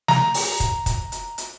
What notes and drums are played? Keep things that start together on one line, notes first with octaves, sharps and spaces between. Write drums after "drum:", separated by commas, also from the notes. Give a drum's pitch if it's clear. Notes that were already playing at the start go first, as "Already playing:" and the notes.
A#5, drum: snare
drum: open hi-hat
drum: kick, hi-hat
drum: kick, hi-hat
drum: hi-hat
drum: hi-hat